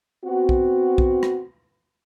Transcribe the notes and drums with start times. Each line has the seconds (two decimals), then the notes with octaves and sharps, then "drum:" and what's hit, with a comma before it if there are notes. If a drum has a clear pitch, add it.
0.24 B3 C4 F#4
0.49 drum: kick B1
0.98 drum: kick B1
1.23 drum: rim click